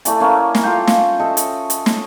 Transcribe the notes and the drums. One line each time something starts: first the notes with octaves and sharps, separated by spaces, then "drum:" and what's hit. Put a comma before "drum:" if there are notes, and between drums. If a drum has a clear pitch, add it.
A3 E4 D5 G#5, drum: hi-hat
A#3 C#4
drum: snare
F4 A4 F5 G5
drum: snare
A4 D#5 E5 G5
drum: hi-hat
drum: hi-hat
drum: snare